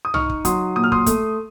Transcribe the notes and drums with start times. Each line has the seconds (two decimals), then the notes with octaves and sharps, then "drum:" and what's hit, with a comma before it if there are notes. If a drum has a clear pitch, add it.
0.05 D#6
0.14 D#4 C#6 F6, drum: tom
0.30 drum: kick
0.45 F#3 C6 D#6, drum: kick, hi-hat
0.76 A#2 D#6
0.84 F6
0.92 C6 D#6, drum: kick
1.06 A3, drum: kick, hi-hat